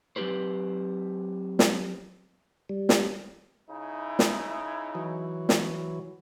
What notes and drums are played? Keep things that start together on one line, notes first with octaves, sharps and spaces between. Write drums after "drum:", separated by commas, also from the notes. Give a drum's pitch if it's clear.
F#3 C4 C#4 G4 B4 C5
drum: snare
G3
drum: snare
C#3 D#4 E4
drum: snare
E3 F#3
drum: snare